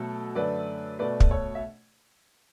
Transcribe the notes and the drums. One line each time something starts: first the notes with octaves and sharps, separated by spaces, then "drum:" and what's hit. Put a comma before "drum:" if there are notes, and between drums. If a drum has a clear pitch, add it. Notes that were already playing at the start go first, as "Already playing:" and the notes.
Already playing: B2 F#3 A3 A4
F#2 D3 A3 B4 D5
B2 A3 B4 D5
drum: kick
A4 C#5
E5